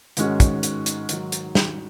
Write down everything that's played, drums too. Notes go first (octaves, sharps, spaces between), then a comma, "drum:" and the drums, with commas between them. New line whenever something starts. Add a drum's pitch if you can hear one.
G#2 D#3 G#3 C#4 F#4, drum: hi-hat
drum: kick, hi-hat
drum: hi-hat
drum: hi-hat
G#2 D#3 F#3, drum: hi-hat
drum: hi-hat
drum: snare